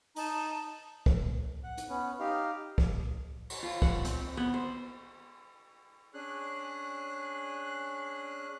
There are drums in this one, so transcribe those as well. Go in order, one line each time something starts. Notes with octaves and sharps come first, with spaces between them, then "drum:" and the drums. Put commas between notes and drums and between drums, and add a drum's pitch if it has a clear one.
D#4 A5 A#5, drum: open hi-hat
drum: kick
F#5
drum: hi-hat
B3 C#4
D#4 G4 F5
drum: kick
drum: cymbal
F4
F#5, drum: kick
C4, drum: hi-hat
B3
C5
C#4 D4 G#4 F#6